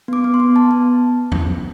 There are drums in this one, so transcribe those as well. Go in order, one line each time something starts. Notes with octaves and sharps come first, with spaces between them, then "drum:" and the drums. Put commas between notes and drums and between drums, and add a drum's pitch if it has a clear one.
B3 D6
B3
C6
B3
B3 A5
B3
drum: tom E2